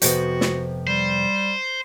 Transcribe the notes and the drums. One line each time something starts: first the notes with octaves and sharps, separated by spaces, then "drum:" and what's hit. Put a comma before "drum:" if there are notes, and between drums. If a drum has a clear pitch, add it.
F2 C3 B3 F#4, drum: hi-hat
drum: snare
G3 C5